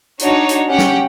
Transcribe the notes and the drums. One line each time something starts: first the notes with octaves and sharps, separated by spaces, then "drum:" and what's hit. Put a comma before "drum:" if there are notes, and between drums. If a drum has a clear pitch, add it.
D4 D#4 F#4 C#5, drum: hi-hat
drum: hi-hat
C#4 G4 F#5 G5
drum: snare